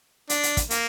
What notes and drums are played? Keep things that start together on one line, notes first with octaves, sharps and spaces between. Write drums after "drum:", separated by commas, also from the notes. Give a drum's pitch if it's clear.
D4, drum: hi-hat
drum: hi-hat
drum: kick, hi-hat
A#3, drum: hi-hat